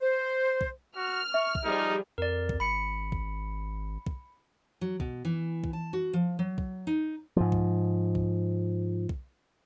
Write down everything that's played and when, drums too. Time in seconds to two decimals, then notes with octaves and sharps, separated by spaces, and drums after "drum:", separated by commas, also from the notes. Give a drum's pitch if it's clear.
0.01 C5
0.61 drum: kick
0.97 F#4 F6
1.34 E5 C#6
1.55 drum: kick
1.65 F3 G3 D#4 G#4
2.18 F2 A#4 D5
2.49 drum: kick
2.60 G#1 B5 C#7
3.12 drum: kick
4.06 drum: kick
4.81 F#3
5.00 B2, drum: kick
5.25 E3
5.64 drum: kick
5.73 A5
5.93 F#4
6.13 F3
6.39 F#3
6.58 drum: kick
6.87 D#4
7.37 G#2 F3
7.52 drum: kick
8.15 drum: kick
9.09 drum: kick